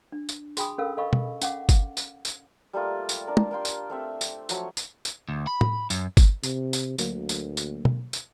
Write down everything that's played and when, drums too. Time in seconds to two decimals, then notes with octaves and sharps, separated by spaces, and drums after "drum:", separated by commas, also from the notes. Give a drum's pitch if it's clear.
0.12 D4
0.29 drum: tambourine
0.57 F#4 G#4 G5 G#5 B5 D#6, drum: tambourine
0.78 C#4 A4 A#4 F5 E6
0.97 A4 D#5 F5 B5 C#6
1.13 drum: tom
1.41 C#4 F5 F#5 D6, drum: tambourine
1.69 drum: kick G1, tambourine
1.97 drum: tambourine
2.25 drum: tambourine
2.73 G3 A3 A#3 F4
3.09 drum: tambourine
3.27 D4 A#4
3.37 drum: tom
3.51 A#3 G5 C6
3.65 drum: tambourine
3.90 A3 C4 E5
4.21 drum: tambourine
4.49 F3 F#3 A3 C#5, drum: tambourine
4.77 drum: tambourine
5.05 drum: tambourine
5.29 D2
5.47 B5
5.61 drum: tom A2
5.90 F#2, drum: tambourine
6.17 drum: kick G1, tambourine
6.43 C3, drum: tambourine
6.73 drum: tambourine
6.98 D2 D3 F#3 A#3, drum: tambourine
7.29 drum: tambourine
7.57 drum: tambourine
7.85 drum: tom
8.13 drum: tambourine